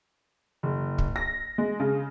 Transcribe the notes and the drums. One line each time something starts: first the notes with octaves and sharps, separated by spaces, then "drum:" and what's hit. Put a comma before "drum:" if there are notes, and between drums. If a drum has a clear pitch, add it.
F#1
drum: kick
A#6
G#3
C#3